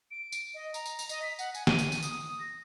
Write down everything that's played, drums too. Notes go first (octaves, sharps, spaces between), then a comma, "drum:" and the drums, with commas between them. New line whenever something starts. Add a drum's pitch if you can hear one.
D7
drum: tambourine
D#5
A#5, drum: tambourine
drum: tambourine
drum: tambourine
D#5, drum: tambourine
B6
F#5, drum: tambourine
G#5, drum: tambourine
D#7, drum: snare
drum: tambourine
drum: tambourine
D#6, drum: tambourine
D#6
A#6